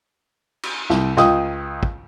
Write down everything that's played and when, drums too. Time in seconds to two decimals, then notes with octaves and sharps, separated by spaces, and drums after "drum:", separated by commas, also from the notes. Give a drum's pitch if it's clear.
0.63 drum: cymbal
0.90 C2, drum: snare
1.17 C#2 G5 D#6, drum: snare
1.83 drum: kick